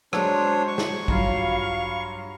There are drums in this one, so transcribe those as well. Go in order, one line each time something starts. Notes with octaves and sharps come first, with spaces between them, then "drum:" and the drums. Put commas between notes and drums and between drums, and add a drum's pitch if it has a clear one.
F#3 G#3 D4 C5 C#5, drum: rim click
C#6
drum: snare
G2 F#3 F4 F5, drum: kick